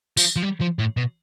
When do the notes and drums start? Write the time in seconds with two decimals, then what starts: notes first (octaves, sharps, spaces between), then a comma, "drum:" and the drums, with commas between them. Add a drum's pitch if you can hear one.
0.17 F3, drum: tambourine
0.36 F3
0.42 G3
0.61 F3
0.79 A2
0.97 B2